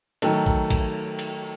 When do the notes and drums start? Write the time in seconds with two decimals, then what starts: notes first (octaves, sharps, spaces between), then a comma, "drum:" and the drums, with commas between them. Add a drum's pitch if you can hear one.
0.22 D#3 F#3 A3, drum: cymbal
0.46 drum: kick A1
0.70 drum: kick A1, cymbal
1.19 drum: cymbal